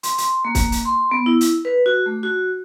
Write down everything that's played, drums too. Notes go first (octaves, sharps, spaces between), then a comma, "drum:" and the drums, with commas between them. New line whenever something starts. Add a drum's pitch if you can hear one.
C6, drum: hi-hat
C6, drum: hi-hat
A#3
drum: kick, hi-hat
drum: hi-hat
C6
B3
E4
drum: hi-hat
B4
F#4
A3
F#4